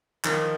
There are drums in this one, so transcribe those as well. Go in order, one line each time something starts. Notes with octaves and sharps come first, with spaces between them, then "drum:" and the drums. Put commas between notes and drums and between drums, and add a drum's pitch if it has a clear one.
D#3 F3, drum: clap